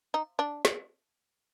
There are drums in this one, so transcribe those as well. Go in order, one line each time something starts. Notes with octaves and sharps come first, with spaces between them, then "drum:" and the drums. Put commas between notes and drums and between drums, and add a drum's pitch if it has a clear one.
D#4
D4
drum: snare